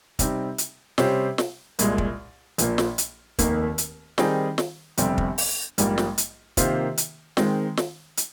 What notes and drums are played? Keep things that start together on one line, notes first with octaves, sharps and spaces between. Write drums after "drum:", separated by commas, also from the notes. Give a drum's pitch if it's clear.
C3 G3 C4 D#4, drum: kick, hi-hat
drum: hi-hat
C3 G3 C#4 G4 C5, drum: snare
drum: snare
C2 A#2 G#3, drum: hi-hat
drum: kick
A#1 A#2 F3 A#3, drum: hi-hat
drum: snare
drum: hi-hat
F1 D#2 D#3 A#3, drum: kick, hi-hat
drum: hi-hat
D#3 G3 C4 D#4 G#4, drum: snare
drum: snare
G1 F2 C3 G3 C4, drum: hi-hat
drum: kick
drum: open hi-hat
A#1 G#2 G3 A#3 F4, drum: hi-hat
drum: snare
drum: hi-hat
C3 D#3 A#3 F4 C5, drum: kick, hi-hat
drum: hi-hat
D#3 G#3 C4, drum: snare
drum: snare
drum: hi-hat